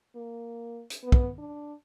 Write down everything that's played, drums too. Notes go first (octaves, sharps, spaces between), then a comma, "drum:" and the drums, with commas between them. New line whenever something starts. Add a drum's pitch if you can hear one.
A#3
drum: hi-hat
B3
drum: kick
D4